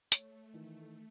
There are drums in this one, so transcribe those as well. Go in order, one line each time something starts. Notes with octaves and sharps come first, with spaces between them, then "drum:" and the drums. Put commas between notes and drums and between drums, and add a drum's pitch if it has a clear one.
A3 C#5, drum: hi-hat
D#3 E3